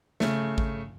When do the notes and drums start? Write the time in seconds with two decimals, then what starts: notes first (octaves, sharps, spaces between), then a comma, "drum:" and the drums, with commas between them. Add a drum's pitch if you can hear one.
0.20 C#3 A3, drum: snare
0.58 drum: kick G#1